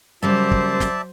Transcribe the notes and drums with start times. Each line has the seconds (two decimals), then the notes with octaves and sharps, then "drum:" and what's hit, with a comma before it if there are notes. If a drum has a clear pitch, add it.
0.23 C#3 F#3 G3 A#3 C5 D5 E5 A5
0.51 drum: kick
0.80 drum: snare